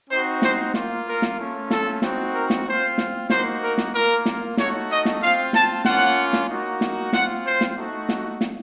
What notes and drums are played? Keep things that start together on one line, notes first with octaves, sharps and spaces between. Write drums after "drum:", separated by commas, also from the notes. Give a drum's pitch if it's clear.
C4 D#4 F#4 C5
C5, drum: snare
A#3 F4, drum: snare
A#4
drum: snare
A3 C#4 F4
A4, drum: snare
C4 D#4 F#4, drum: snare
A#4
drum: snare
C4 F4 C5
drum: snare
A#3 D#4 F#4 C5, drum: snare
A#4
drum: snare
A#3 F4 A#4
drum: snare
A3 D#4 F#4 C#5, drum: snare
D#5
drum: snare
C4 F4 F5
A5, drum: snare
A#3 C#4 F4 F#5, drum: snare
drum: snare
A#3 D#4 F#4
drum: snare
C4 F4 F#5, drum: snare
C5
drum: snare
A3 D#4 F#4
drum: snare
drum: snare